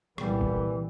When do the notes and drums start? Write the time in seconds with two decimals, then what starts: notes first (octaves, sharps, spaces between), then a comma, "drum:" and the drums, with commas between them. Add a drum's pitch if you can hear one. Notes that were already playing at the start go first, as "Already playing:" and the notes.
0.18 C2 A#2 E3 G3 B3, drum: rim click
0.41 drum: kick G1